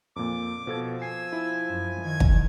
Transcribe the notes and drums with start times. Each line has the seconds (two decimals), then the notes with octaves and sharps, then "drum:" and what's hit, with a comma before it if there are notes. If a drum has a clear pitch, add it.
0.16 F2 A#2 D6
0.67 B2 F3 A4 G#6
1.02 G#5 E6 C7
1.33 E4
1.70 F#2
2.00 D#3 G#6
2.20 drum: kick